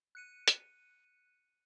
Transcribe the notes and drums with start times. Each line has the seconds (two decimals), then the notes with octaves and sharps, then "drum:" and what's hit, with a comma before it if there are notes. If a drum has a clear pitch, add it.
0.15 F#6 C#7 D#7
0.48 drum: hi-hat